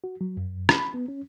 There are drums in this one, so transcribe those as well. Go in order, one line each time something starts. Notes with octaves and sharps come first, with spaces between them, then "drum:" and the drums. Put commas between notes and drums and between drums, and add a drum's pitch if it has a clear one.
F#4
F#3
F#2
B5, drum: rim click
B3
C#4